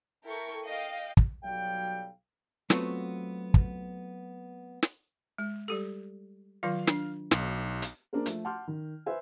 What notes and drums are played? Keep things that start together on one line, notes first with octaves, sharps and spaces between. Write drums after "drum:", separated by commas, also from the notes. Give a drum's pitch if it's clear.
E4 A4 A#4 G5 C#6
D#5 F5 G5
drum: kick
B1 F#3 G3 A4 F5 G5
F#3 A3 B3 C4 F4 F#4, drum: snare
drum: kick
drum: snare
G#3
G3 G4 A4
D#3 F#3 F4 F5
D4, drum: snare
B1, drum: snare
drum: hi-hat
A#3 D4 G#4 A#4 C5
F3 A3, drum: hi-hat
F#5 A5 C6 D6 F6 G6
D#3
B4 C5 E5 G#5